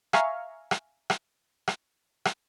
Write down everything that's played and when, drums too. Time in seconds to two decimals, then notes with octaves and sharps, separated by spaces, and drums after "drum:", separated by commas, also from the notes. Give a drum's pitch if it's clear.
0.13 E5 F5 G#5 A#5 C#6 F6, drum: rim click
0.71 drum: rim click
1.10 drum: rim click
1.68 drum: rim click
2.25 drum: rim click